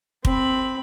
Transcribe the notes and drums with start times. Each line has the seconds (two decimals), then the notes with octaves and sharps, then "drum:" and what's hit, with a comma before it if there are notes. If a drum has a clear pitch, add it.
0.25 C4 B5, drum: kick